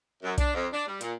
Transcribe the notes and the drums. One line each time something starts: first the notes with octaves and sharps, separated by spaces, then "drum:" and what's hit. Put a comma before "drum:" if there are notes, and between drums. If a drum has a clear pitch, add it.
F#2
D4, drum: kick B1, hi-hat
F2
D4
G3
A#2, drum: hi-hat